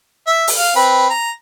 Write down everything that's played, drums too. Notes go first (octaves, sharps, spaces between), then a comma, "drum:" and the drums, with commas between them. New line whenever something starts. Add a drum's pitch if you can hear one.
E5
drum: open hi-hat
F5
C4 B4
A#5